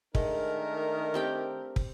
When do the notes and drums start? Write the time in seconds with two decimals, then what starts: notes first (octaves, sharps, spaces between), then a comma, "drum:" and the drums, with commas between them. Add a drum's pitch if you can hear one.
0.15 D#3 G#3 A3 D4 A#4, drum: kick
1.14 C4 G4 G5
1.76 drum: kick